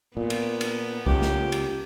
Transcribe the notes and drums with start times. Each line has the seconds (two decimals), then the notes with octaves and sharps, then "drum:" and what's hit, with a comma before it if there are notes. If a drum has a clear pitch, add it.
0.17 A#2 B3
0.30 drum: cymbal
0.61 drum: cymbal
1.06 C#2 A#3 G4, drum: kick C2
1.22 drum: snare
1.52 drum: cymbal